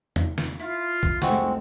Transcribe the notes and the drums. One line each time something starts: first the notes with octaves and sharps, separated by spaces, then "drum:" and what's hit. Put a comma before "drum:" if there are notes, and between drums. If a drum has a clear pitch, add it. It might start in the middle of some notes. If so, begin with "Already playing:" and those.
drum: tom E2
drum: snare
E4 F4 F5
drum: kick
C2 F2 G#3 A3 C4 F#4 C#6, drum: snare